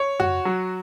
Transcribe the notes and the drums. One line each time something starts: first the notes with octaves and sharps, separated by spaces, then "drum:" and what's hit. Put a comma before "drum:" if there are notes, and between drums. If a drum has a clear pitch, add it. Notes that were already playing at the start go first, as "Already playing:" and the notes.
Already playing: C#5
F#4, drum: tom F2
F#3